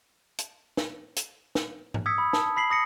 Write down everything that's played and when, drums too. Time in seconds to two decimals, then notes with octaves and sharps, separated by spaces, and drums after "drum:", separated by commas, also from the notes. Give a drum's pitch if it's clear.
0.38 drum: hi-hat
0.77 drum: snare
1.16 drum: hi-hat
1.55 drum: snare
1.94 drum: tom G#2
2.06 D#6 E6 G#6 B6 C#7
2.18 B5
2.33 A5, drum: snare
2.57 B5 B6 C7 F#7
2.70 D#6 A#6 C#7